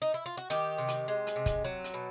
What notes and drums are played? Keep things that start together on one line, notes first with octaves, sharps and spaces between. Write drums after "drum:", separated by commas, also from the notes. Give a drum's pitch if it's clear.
D#4
E4
F4
F#4
D#3 G4, drum: hi-hat
C3
drum: hi-hat
G#3
drum: hi-hat
C3
drum: kick, hi-hat
F#3
drum: hi-hat
B2